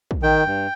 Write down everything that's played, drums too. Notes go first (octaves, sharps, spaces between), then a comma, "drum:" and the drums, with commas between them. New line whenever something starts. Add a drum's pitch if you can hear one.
drum: kick
D#3 G5
G2